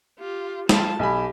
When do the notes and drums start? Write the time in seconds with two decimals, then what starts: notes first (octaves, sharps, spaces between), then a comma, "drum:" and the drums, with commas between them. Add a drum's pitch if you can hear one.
0.20 F4 G4
0.69 F4 A5, drum: snare
0.99 B1 G4 G#5 B5